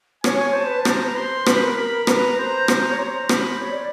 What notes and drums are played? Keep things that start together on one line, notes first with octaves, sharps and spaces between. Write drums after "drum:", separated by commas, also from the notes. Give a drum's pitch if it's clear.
C#5 G#5, drum: rim click
C#5
C5 A5
B4
C5
A#5, drum: rim click
B4
C5 C6
B4 B5, drum: rim click
A#4
B5
B4 A#5, drum: rim click
C5 A#5
drum: rim click
C#5
C5 A#5
B5, drum: rim click
C#5
D5